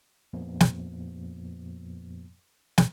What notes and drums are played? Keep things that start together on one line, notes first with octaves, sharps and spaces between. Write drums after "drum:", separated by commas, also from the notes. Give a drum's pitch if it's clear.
F2 A#2 F3 A#3 B3
drum: snare
drum: snare